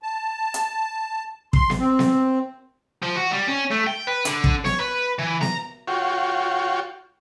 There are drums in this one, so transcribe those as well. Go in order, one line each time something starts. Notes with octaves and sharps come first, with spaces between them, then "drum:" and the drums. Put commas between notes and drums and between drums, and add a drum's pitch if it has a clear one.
A5
drum: hi-hat
C6, drum: kick
drum: snare B3
C4
drum: snare B3
F3
F#4
G3
C#4
A3
G5
B4
D3, drum: hi-hat
drum: kick
C#5, drum: snare B3
B4
E3
A#5, drum: snare B3
F4 F#4 C#5 G5